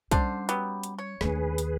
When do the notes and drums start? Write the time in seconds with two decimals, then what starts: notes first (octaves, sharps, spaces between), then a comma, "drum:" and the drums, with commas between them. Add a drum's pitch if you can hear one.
0.11 D3 G3 C#4 D4 C5, drum: kick, hi-hat
0.49 F#3 B3 G4, drum: hi-hat
0.83 drum: hi-hat
0.99 C#5
1.21 D#2 A3 D4 G#4 B4, drum: snare
1.58 drum: hi-hat